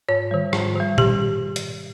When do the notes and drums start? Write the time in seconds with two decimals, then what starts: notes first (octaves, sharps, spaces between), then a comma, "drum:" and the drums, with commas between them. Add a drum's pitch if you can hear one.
0.09 G#2 C#5
0.31 D#3 G3
0.53 G#2, drum: rim click
0.75 D#3 G3
0.98 B2 G4, drum: tom A#2
1.56 drum: hi-hat